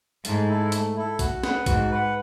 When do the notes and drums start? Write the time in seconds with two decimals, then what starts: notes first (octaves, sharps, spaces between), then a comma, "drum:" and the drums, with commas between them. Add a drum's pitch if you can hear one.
0.25 G#2 A3, drum: hi-hat
0.49 E4 A4
0.72 A3, drum: hi-hat
0.96 E4 A4
1.19 F#4, drum: kick A#1, hi-hat
1.43 B4 F#5, drum: snare
1.66 G#2 F#4, drum: kick A#1, hi-hat
1.91 B4 F#5